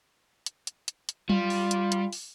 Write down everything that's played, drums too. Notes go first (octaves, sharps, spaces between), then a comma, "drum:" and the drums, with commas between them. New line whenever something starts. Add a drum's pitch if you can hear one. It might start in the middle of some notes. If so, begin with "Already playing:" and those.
drum: hi-hat
drum: hi-hat
drum: hi-hat
drum: hi-hat
G3 F4, drum: tom F#3
drum: open hi-hat
drum: hi-hat
drum: hi-hat
drum: open hi-hat